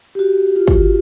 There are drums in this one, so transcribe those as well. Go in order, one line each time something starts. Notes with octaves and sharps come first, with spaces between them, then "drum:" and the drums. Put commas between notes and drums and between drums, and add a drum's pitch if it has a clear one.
G4
F#4
F4
drum: kick